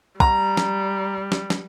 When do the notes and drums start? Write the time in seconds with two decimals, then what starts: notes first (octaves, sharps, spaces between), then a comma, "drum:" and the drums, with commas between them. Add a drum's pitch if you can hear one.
0.20 G3 A#5, drum: kick
0.57 drum: snare
1.32 drum: snare
1.50 drum: snare